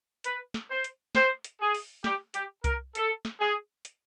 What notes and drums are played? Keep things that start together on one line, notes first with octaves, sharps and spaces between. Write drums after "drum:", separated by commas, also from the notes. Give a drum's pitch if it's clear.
B4, drum: hi-hat
drum: snare
C5
drum: hi-hat
C5, drum: snare
drum: hi-hat
G#4
drum: open hi-hat
G4, drum: snare
G4, drum: hi-hat
A#4, drum: kick C2, hi-hat
A4, drum: hi-hat
drum: snare
G#4
drum: hi-hat